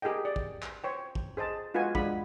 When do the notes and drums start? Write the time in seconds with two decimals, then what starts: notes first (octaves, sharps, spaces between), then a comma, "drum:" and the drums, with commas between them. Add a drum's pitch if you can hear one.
0.02 G4 G#4 A#4 D#5 G5
0.25 D5
0.36 drum: kick
0.62 drum: clap
0.84 C5 C#5 G5
1.15 drum: kick
1.37 G#4 C5 D#5 A5
1.74 G#3 F4 F#4 B4 D#5 G#5
1.95 G#3 D4 F#5 B5, drum: kick